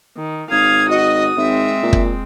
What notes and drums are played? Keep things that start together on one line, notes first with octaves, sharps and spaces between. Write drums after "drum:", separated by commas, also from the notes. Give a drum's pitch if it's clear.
D#3
G#1 F5 D#6 G#6
F#4 D#5
G#1 G#3 C4 E5
A#2
drum: kick